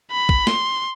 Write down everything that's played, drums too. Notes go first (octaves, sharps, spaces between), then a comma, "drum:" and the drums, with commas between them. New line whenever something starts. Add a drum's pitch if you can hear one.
B5
drum: kick
C6, drum: snare